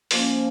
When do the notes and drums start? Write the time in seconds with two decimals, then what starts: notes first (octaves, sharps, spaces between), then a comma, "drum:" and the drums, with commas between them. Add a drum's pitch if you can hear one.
0.11 F3 A#3 C#4, drum: open hi-hat